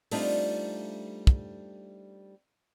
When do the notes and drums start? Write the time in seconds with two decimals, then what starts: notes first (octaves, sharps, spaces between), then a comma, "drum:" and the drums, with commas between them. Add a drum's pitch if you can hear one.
0.11 G3 A3 C4 D4 D#4 F4, drum: open hi-hat
1.27 drum: kick